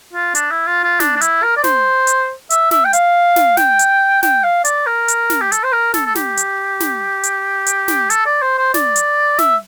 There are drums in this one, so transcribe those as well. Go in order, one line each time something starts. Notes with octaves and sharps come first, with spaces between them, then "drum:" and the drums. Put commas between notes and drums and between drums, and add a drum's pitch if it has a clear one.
F4
D4, drum: hi-hat
E4
F4
F4
D4, drum: snare
D4
E4, drum: hi-hat
A#4
D5
C5, drum: snare
drum: hi-hat
E5, drum: hi-hat
E5, drum: snare
G5
F5, drum: hi-hat
drum: snare
G5, drum: snare
drum: hi-hat
G5, drum: snare
F5
D5, drum: hi-hat
A#4
drum: hi-hat
drum: snare
G4
A4, drum: hi-hat
C5
A#4
A4, drum: snare
A4
G4, drum: snare
drum: hi-hat
drum: snare
drum: hi-hat
drum: hi-hat
drum: snare
A4, drum: hi-hat
D5
C5
C5
D5, drum: snare
drum: hi-hat
E5, drum: snare